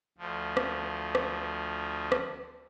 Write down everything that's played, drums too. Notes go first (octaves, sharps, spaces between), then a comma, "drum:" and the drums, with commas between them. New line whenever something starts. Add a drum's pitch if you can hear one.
D2 F3
drum: rim click
drum: rim click
drum: rim click